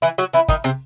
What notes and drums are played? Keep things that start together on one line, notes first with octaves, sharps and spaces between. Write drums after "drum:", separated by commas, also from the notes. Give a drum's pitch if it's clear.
E3 E4
F#3 F#4
E3 E4
D#3 D#4, drum: kick
C3 C4